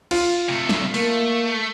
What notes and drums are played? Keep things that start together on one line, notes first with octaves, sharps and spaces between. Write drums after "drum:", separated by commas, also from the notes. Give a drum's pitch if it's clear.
F4, drum: cymbal
C3 A3
drum: snare
A3 A#3, drum: open hi-hat